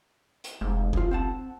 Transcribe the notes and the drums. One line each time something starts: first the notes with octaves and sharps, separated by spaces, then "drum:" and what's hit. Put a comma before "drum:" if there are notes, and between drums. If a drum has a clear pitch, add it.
drum: hi-hat
F1 G#2
F#2 F4, drum: kick B1
C4 F#5 A5